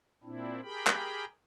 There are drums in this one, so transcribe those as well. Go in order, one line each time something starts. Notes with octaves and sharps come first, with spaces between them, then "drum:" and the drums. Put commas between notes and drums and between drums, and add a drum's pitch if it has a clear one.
A#2 C4 D4 E4
G4 G#4 A#4 G5 B5
drum: clap